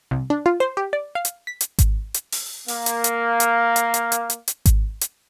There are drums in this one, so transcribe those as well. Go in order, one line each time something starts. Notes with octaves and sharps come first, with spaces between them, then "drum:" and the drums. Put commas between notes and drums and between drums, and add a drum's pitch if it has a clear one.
C2
D4
F4
C5
G4
D5
F5
drum: hi-hat
B6
drum: hi-hat
drum: kick G#1, hi-hat
drum: hi-hat
drum: open hi-hat
A#3 F5, drum: open hi-hat
drum: hi-hat
drum: hi-hat
drum: hi-hat
drum: hi-hat
drum: hi-hat
drum: hi-hat
drum: hi-hat
drum: hi-hat
drum: kick G#1, hi-hat
drum: hi-hat